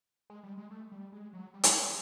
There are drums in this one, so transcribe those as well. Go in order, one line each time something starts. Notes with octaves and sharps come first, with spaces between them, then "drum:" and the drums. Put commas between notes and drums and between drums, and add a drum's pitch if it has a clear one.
G#3
G3
G#3
A3
G3
G#3
F#3
G3
drum: hi-hat